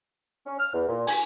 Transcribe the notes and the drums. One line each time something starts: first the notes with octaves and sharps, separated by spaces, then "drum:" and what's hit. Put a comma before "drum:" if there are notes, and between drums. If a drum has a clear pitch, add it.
C#4
F6
E2
A#2
G#5, drum: open hi-hat